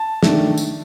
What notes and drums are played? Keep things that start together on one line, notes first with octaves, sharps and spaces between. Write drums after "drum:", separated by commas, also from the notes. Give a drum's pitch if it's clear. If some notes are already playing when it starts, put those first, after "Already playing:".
Already playing: A5
D#3 A3 D4, drum: snare
drum: tambourine